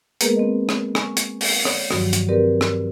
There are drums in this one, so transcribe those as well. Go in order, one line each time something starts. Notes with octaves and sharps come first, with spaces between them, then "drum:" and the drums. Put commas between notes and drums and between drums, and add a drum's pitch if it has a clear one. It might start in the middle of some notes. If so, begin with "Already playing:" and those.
G#3 A#3 B3 G#4 A#4 B4, drum: hi-hat
C4 D#5
drum: rim click
G#5 C#6, drum: rim click
drum: hi-hat
drum: open hi-hat
C#5 D5, drum: rim click
G2 D#3 F3 F#3 F#4, drum: rim click
drum: hi-hat
C4 G4 A#4 B4 D5
drum: rim click